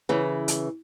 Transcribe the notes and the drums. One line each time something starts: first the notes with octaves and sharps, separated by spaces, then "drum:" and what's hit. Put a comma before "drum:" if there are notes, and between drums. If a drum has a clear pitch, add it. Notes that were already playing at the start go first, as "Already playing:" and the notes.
C#3 E3
drum: hi-hat